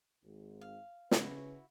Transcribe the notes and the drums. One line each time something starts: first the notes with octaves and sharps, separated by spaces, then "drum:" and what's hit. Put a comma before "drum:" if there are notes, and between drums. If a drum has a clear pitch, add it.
G#1 G#2
F5
C#3 C#4 E4 F#4 B4, drum: snare